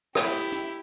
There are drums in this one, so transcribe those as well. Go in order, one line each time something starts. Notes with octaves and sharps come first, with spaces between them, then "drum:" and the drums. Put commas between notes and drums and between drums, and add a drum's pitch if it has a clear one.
E4 G4, drum: rim click
drum: hi-hat